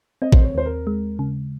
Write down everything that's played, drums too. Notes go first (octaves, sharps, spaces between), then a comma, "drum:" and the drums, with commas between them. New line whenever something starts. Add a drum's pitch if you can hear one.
C4 D#5
C5, drum: kick A1
C#5
D#2 C5
A#4
G#3
C#3